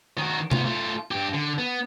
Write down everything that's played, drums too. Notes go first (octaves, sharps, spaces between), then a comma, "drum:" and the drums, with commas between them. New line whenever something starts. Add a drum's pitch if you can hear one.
D#3 F#4
B3 F4, drum: tom C3
A3 F4
G2 G4
D3
B3